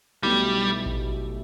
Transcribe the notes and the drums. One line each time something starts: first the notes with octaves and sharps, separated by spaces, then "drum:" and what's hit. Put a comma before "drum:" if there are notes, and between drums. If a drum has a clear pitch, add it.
B1 B2 G3 A3 E4 G4
drum: kick A1